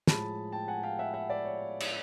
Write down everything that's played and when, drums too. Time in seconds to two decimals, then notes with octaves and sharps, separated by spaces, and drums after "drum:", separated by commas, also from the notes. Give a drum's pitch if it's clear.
0.07 A2 F3 G#3 A5 B5, drum: snare
0.52 G5 A5
0.68 F#5 G#5
0.83 F5 G5
0.99 E5 F#5
1.14 E5 F#5
1.30 D5 E5
1.45 C#5
1.80 drum: cymbal